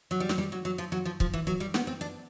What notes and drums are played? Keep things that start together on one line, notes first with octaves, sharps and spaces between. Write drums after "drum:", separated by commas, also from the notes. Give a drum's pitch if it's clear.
F#3
G3
F#3, drum: snare
G3
F#3
F#3
F3
F#3
F3
F3, drum: kick C#1
E3
F#3
G3
B3, drum: snare
C4
D4